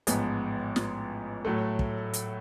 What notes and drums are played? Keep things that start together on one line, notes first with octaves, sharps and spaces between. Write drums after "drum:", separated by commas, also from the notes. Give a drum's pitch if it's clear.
A1 G#2 F3 G#3 B3, drum: hi-hat
drum: snare
A2 F#3 A3
drum: kick
drum: hi-hat